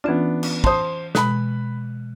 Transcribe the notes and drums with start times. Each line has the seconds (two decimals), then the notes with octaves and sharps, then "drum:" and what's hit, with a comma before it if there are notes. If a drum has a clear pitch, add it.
0.04 E3 B3 C#4 D4 F4
0.43 drum: cymbal
0.64 C5 A5 C6 D#6, drum: kick
1.15 B2 G#3 B5 F#6, drum: snare